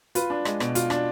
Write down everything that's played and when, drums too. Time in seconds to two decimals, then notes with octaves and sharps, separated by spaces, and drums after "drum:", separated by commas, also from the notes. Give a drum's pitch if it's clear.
0.15 F4 B4, drum: hi-hat
0.30 D4
0.45 G#3, drum: rim click
0.60 B2, drum: rim click
0.75 F4, drum: hi-hat
0.90 D4, drum: rim click